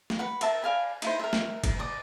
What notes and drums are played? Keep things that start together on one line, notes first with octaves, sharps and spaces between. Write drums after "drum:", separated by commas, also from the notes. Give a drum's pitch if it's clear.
drum: snare
B4 F#5
A#4 E5 A5, drum: cymbal
D5 F5 G#5 B5
D#4 E4 C5, drum: cymbal
A#4 E5
drum: snare
drum: kick, cymbal
D5 D#6